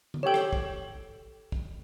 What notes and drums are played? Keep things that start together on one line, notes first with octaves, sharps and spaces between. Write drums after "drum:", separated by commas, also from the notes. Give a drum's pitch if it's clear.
drum: tom D3
G4 A4 C#5 G5
drum: rim click
drum: kick
drum: kick